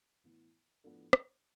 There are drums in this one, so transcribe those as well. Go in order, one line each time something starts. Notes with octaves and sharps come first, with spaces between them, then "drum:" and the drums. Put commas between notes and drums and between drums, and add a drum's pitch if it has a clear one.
A2 E3 B3
A2 F3 B3 D4 A4
drum: rim click